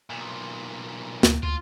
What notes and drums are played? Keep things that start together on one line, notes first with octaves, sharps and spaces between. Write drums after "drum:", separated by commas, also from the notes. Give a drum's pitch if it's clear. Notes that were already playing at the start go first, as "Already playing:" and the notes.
B1 A#2
D2, drum: snare
D2 F4